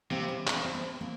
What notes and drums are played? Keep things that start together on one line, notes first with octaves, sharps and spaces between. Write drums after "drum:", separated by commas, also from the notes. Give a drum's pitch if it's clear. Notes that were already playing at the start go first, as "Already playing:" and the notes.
C3 A#3 C4
B3 C#4
D4, drum: clap
C#4
C4
B3 C#4
A#3 C4